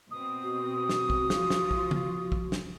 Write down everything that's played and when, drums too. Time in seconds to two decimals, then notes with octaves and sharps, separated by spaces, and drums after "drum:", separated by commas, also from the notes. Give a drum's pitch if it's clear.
0.11 B2 C4 D#6
0.43 F#4
0.89 drum: snare
1.10 drum: kick
1.30 F3 F4, drum: snare
1.50 drum: snare
1.71 drum: kick
1.91 drum: tom C#3
2.32 drum: kick
2.52 drum: snare